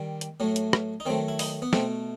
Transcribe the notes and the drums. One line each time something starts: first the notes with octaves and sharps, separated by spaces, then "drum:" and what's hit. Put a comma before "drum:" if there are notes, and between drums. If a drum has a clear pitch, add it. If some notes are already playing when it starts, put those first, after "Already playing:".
Already playing: D#3 G3
drum: hi-hat
A2 F#3 A3
drum: hi-hat
drum: rim click
D#4
D#3 F#3 A3 C4
E4
D#4, drum: open hi-hat
B3
B2 A3 C4, drum: snare